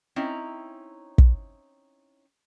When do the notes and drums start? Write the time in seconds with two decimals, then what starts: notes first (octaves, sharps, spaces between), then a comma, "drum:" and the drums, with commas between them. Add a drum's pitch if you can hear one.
0.16 C4 C#4 D#4 E4
1.18 drum: kick